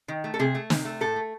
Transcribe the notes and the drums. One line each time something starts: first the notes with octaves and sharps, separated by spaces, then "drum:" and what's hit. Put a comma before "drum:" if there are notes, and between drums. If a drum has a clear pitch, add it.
D#3
A3
A4
C3 G#4
A3
C3, drum: snare
A3
A2 A4
A3